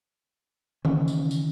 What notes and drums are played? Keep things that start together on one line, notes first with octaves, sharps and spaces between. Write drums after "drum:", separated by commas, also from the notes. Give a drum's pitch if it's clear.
D#3 E3 C#4, drum: tom C#3
drum: tambourine
drum: tambourine